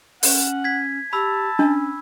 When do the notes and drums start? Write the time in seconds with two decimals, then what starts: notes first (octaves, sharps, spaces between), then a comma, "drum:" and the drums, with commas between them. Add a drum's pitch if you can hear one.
0.23 C#4 F#5, drum: open hi-hat
0.64 G#6 B6
1.13 G4 A5 B5 E6
1.59 C#4 D4